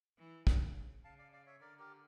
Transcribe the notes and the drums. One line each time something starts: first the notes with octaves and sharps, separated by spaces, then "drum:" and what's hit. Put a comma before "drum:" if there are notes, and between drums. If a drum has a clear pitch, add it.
E3
C#3, drum: kick
C#3 F5 A5
D5 F5
D5 F5
C#5 E5
D3 A#4 D5
G4 A#4